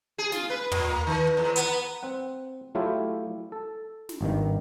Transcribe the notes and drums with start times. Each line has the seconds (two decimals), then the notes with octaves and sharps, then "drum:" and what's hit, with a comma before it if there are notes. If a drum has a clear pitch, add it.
0.18 G#4
0.32 F4, drum: snare
0.50 B4
0.72 A#2, drum: tom
0.89 A#3
1.07 D#3
1.37 E2
1.56 B3, drum: hi-hat
2.03 C4 F#5
2.75 F#3 A3 E4 F4 G4
3.52 A4
4.09 drum: snare
4.21 G#1 G2 D#3